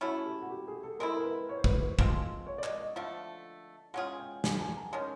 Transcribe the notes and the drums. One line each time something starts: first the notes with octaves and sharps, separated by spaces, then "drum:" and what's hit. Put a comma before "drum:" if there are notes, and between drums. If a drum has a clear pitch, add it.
A3 C#4 E4 F#4
G4
F#4
G4
G#4
A4
G#3 C4 E4 A#4
A#4
B4
C#5
C5
B4, drum: kick
C5
F3 G#3 C4, drum: kick
C#5
D5
D#5, drum: clap
D#5
D3 F3 A3 E5
G#3 C#4 F4 G#4 F#5
G5
G#5, drum: snare
A5
A#5
D#3 G#3 C#4 A5